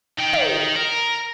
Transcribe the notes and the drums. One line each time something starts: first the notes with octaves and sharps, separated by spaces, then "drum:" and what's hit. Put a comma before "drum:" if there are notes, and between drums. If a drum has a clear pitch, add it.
D#4 G5
drum: tom
A#4